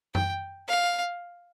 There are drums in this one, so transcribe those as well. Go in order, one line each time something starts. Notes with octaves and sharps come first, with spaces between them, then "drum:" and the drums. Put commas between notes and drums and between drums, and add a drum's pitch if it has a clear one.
G5, drum: tom F#2
F5